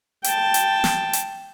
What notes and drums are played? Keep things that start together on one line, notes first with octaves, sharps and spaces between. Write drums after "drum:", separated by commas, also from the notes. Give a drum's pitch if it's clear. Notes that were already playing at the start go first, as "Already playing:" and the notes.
G5 A5, drum: hi-hat
drum: hi-hat
drum: snare
drum: hi-hat